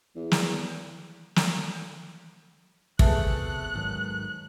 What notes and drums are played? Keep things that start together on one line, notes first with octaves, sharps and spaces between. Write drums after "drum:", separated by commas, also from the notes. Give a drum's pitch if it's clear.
E2
drum: snare
drum: snare
C3 A3 B3 G#4 A4 F#6, drum: kick
G#2 D#3 F#3